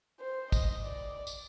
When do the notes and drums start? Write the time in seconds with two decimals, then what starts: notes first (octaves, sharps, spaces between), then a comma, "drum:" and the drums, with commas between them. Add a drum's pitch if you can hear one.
0.20 C5
0.52 D#5, drum: kick, tambourine
0.83 D5
1.27 drum: tambourine